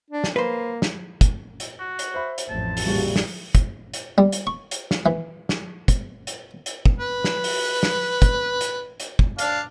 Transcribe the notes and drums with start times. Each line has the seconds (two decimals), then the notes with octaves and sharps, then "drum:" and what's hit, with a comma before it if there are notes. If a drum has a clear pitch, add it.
0.10 D4
0.24 drum: snare
0.36 A#3 B4 C5
0.82 drum: snare
1.21 drum: kick, hi-hat
1.60 drum: hi-hat
1.80 F#4
1.99 drum: hi-hat
2.14 C5 E5 B5
2.38 drum: hi-hat
2.50 A1 F2 A5
2.77 drum: open hi-hat
2.86 A#2 C#3 G3 F#4
3.16 drum: snare
3.55 drum: kick, hi-hat
3.94 drum: hi-hat
4.18 G3
4.32 drum: hi-hat
4.47 C#6
4.71 drum: hi-hat
4.91 drum: snare
5.06 E3
5.49 drum: snare
5.88 drum: kick, hi-hat
6.27 drum: hi-hat
6.66 drum: hi-hat
6.85 drum: kick
6.98 B4
7.24 drum: snare
7.44 drum: open hi-hat
7.83 drum: snare
8.22 drum: kick, hi-hat
8.61 drum: hi-hat
9.00 drum: hi-hat
9.19 drum: kick
9.39 D4 F5, drum: hi-hat